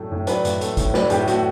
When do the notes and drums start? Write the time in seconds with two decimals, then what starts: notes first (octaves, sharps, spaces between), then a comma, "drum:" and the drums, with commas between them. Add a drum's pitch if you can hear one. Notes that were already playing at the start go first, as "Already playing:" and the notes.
Already playing: A2 F#3 A3
0.12 A2
0.27 F#3 B4 D5, drum: hi-hat
0.45 A2, drum: hi-hat
0.61 A3, drum: hi-hat
0.77 A2, drum: kick, hi-hat
0.94 F#3 B4 D5, drum: snare
1.10 A2 G4, drum: hi-hat
1.28 A3 F#4, drum: hi-hat